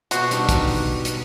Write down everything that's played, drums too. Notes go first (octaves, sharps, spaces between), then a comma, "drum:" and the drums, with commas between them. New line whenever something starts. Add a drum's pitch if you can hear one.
B2 F#4 C5 C6, drum: hi-hat
G3 D4 D#4, drum: hi-hat
drum: kick, hi-hat
drum: open hi-hat
drum: hi-hat